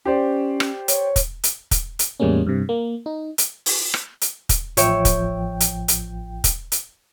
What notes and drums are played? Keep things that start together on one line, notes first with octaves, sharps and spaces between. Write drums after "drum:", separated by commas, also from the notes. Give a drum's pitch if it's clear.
C#4 G4 C5 D5
drum: rim click
C#5, drum: hi-hat
drum: kick, hi-hat
drum: hi-hat
drum: kick, hi-hat
drum: hi-hat
E2 A2 G3 G#3 A#3 C#4
G2 C3
A#3
D#4
drum: hi-hat
drum: open hi-hat
drum: rim click
drum: hi-hat
drum: kick, hi-hat
A1 F3 C#5 E5 G5, drum: hi-hat
drum: kick, hi-hat
drum: hi-hat
drum: hi-hat
drum: kick, hi-hat
drum: hi-hat